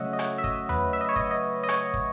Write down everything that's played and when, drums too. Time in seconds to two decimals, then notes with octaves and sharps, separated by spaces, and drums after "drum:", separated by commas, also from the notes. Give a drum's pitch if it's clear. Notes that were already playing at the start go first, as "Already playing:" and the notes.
Already playing: C#3 F#3 A3 C#5 D#5 E5 F#5
0.13 D#5
0.19 C#5, drum: rim click
0.38 E5
0.44 D#5, drum: kick
0.69 B4, drum: tom E2
0.93 E5
1.01 D#5
1.09 C#5
1.16 D#5, drum: kick
1.31 D#5
1.63 D#5
1.69 C#5, drum: rim click
1.94 drum: kick